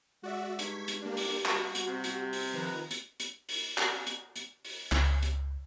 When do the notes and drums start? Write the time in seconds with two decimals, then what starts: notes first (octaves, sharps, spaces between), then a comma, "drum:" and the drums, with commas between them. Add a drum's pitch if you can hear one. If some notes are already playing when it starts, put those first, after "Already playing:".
0.23 G#3 F#4 D5 E5 F#5
0.59 G2 D#4 C#6 G#6 B6, drum: hi-hat
0.88 drum: hi-hat
1.02 A#3 D4 G4
1.17 drum: open hi-hat
1.45 G3 F#4, drum: clap
1.75 drum: hi-hat
1.86 C3 C4
2.04 drum: hi-hat
2.33 drum: open hi-hat
2.54 D#3 F3 B4 A#5
2.91 drum: hi-hat
3.20 drum: hi-hat
3.49 drum: open hi-hat
3.78 drum: clap
4.07 drum: hi-hat
4.36 drum: hi-hat
4.65 drum: open hi-hat
4.92 C#2, drum: clap
5.23 drum: hi-hat